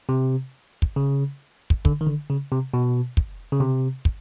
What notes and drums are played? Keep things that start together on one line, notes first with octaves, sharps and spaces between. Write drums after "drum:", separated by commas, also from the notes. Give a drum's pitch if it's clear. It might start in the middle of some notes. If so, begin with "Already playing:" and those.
C3
drum: kick
C#3
drum: kick
D3, drum: kick
D#3
D3
C#3
C3
B2
drum: kick
C#3
C3
drum: kick